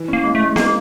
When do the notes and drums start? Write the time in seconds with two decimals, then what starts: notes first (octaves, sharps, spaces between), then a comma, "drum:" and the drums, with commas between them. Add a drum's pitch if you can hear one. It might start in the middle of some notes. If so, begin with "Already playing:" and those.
Already playing: E3
0.08 A#3 C#4
0.23 G#3
0.35 G#3 A3
0.56 G#3 A#3, drum: snare B3